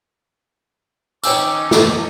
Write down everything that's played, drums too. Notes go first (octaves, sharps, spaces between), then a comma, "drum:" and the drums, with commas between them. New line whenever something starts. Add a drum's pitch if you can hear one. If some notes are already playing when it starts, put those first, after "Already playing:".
D#3 C#4 D#4 C#5 G5 D6 E6, drum: tambourine
drum: snare